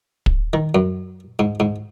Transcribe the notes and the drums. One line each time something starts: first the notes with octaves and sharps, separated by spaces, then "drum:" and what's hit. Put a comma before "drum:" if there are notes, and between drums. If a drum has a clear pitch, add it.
drum: kick
D#3
F#2
G#2
G#2